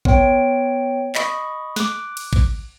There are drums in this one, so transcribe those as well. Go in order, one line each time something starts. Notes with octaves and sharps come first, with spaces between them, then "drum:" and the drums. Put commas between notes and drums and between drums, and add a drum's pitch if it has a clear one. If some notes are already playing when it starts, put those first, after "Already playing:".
B3 C#5 G5 D7, drum: kick
D#5 B5 C#6 D#6, drum: clap
D6 F#6, drum: snare
drum: cymbal
drum: kick